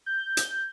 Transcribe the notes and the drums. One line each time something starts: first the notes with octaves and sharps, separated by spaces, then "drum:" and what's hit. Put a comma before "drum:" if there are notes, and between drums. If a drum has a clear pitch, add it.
G6
drum: hi-hat